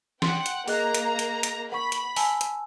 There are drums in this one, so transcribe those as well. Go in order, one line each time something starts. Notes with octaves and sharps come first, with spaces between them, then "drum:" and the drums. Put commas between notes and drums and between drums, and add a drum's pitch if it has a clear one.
F#5 G5 C6, drum: snare
drum: hi-hat
A#3 G#4 D#5 A#5 F#6, drum: open hi-hat
drum: hi-hat
drum: hi-hat
drum: hi-hat
F#5 B5 C#6
drum: hi-hat
G#5 A5 E6, drum: open hi-hat
drum: hi-hat